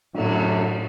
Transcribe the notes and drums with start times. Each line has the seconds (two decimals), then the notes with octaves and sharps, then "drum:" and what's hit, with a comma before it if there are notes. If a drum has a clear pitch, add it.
0.14 F#2 A2 D3 F#3, drum: cymbal